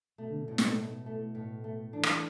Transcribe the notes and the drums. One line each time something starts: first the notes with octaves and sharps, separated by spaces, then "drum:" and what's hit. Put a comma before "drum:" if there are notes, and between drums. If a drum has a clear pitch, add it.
B2 A3
D3
B2
A2
drum: snare
A3
A3
A2
A3
E3 D4
drum: rim click